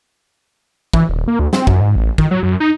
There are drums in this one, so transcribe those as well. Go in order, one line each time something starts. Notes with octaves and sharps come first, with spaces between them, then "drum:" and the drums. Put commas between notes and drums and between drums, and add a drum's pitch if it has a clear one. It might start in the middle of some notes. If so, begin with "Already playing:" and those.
E3, drum: kick
D#1
A#3
D2
C4, drum: snare
F#2, drum: kick
G#2
A1
D#3, drum: kick
F#3
F#2
D#4